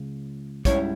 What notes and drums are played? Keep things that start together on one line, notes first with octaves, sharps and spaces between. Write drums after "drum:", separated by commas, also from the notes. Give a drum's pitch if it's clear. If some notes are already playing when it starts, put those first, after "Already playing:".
Already playing: C#2
G#2 G3 C#4 E4 C#5, drum: kick, hi-hat